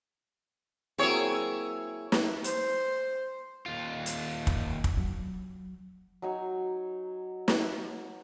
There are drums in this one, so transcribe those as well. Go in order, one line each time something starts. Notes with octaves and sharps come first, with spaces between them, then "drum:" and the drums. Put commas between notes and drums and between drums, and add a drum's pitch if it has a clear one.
F#3 A#3 C4 E4 G#4 C#5
drum: snare
C5, drum: hi-hat
D#2 F4
drum: hi-hat
drum: kick
drum: kick
F#3
F#3 D#4 G#5
drum: snare